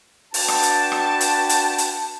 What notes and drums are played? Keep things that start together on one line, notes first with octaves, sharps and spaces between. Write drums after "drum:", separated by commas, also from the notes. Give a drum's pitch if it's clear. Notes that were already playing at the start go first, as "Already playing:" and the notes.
D4 F#4 B4 G5 A5, drum: open hi-hat
drum: rim click
drum: hi-hat
drum: rim click
drum: hi-hat
drum: hi-hat
drum: hi-hat